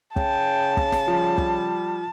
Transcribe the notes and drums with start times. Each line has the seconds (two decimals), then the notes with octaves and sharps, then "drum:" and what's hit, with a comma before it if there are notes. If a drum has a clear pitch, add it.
0.16 C#3 G5 A5, drum: kick
0.77 drum: kick
0.92 drum: snare
1.08 F3 G3
1.38 drum: kick